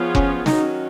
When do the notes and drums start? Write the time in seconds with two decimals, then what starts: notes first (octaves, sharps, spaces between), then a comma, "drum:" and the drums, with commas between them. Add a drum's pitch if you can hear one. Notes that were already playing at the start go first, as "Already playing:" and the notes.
Already playing: F3 B3 F4 G#4 C#5
0.15 C#4, drum: kick F1
0.46 D#3 F#3 C#4 D#4, drum: snare